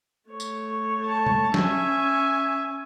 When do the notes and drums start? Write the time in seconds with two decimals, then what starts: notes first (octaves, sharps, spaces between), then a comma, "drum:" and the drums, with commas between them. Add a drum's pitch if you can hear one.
0.30 A3 C#5
0.40 drum: tambourine
1.04 A5
1.26 drum: tom C3
1.54 C#4 E5 G#5, drum: snare